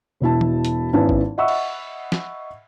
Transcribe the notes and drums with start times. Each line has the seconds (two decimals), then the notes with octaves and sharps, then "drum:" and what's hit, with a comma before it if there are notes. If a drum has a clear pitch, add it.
0.20 E1 B2 E4 A5
0.41 drum: tom E3
0.65 drum: hi-hat
0.93 G#1 B3 C#4 E4 A5
1.09 drum: kick G#1
1.38 D#5 E5 F#5 B5 C#6 E6
1.48 drum: cymbal
2.12 drum: snare